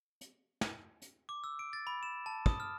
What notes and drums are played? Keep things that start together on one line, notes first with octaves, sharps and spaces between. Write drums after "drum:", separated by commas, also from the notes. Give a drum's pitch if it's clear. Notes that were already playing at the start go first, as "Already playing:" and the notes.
drum: hi-hat
drum: snare
drum: hi-hat
D6
E6
D7
A6
B5
E7
A5
D#6, drum: kick
F6